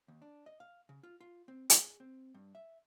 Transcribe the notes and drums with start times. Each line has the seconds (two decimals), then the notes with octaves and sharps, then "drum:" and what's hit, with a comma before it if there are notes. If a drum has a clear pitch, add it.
0.08 D#2
0.22 D4
0.46 D#5
0.60 F5
0.89 C#3
1.03 F4
1.20 F4
1.48 C4
1.70 G#4, drum: hi-hat
2.00 C4
2.34 G2
2.55 E5